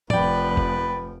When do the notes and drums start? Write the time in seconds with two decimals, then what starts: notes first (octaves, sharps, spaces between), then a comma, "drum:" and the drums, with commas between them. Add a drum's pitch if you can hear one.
0.10 F1 F3 B4 D5 G5, drum: tom
0.57 drum: kick F1